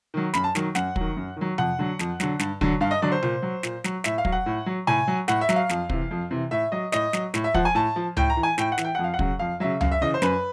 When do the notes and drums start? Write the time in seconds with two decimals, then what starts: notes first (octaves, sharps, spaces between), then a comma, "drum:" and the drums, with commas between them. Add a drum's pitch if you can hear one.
0.14 D#3 F#3
0.34 F#2 B5, drum: snare
0.44 A5
0.55 D#3 F#3, drum: snare
0.75 F#2 F#5, drum: snare
0.96 D#3 F#3, drum: kick
1.16 F#2
1.36 D#3 F#3
1.58 F2 F#5, drum: tom C3
1.79 D3 F#3
1.99 F2, drum: snare
2.20 D3 F#3, drum: snare
2.39 G2, drum: snare
2.61 D3 F#3, drum: kick
2.81 G2 F5
2.91 D#5
3.02 D3 F#3 D5
3.12 C5
3.23 A#2, drum: tom C3
3.42 F#3
3.63 A#2, drum: snare
3.84 F#3, drum: snare
4.04 A2 E5, drum: snare
4.18 F5
4.25 F#3, drum: kick
4.32 F#5
4.46 A2
4.66 F#3
4.87 A2 G#5, drum: tom C3
5.08 F#3
5.28 A2 F#5, drum: snare
5.41 E5
5.49 F#3, drum: snare
5.56 F5
5.69 F2, drum: snare
5.89 C3 E3, drum: kick
6.11 F2
6.31 C3 E3
6.51 A2 E5
6.72 F#3 D#5
6.92 A2 D#5, drum: snare
7.13 F#3, drum: snare
7.34 A2, drum: snare
7.44 E5
7.54 F3 F#5, drum: kick
7.65 G#5
7.75 A2 A5
7.96 F3
8.17 A2 G5, drum: tom C#2
8.30 A#5
8.37 E3
8.43 G#5
8.58 A2 G5, drum: snare
8.72 F#5
8.78 E3, drum: snare
8.84 G5
8.95 F2 F#5
9.04 F5
9.14 F#5
9.19 C#3 F#3, drum: kick
9.39 F2 F5
9.60 C#3 F#3 E5
9.81 F#2 F5, drum: tom C#2
9.91 E5
10.01 C#3 E3 D#5
10.14 C5
10.22 F#2 B4, drum: snare